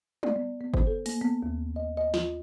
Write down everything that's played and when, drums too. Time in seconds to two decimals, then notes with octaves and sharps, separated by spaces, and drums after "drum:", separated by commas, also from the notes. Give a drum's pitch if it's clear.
0.23 D5, drum: tom G3
0.36 B3
0.61 B3
0.74 C5, drum: kick G1
0.87 A4
1.06 A#3, drum: open hi-hat
1.21 B3
1.43 D#2
1.76 D#5
1.97 D#5
2.14 F4, drum: snare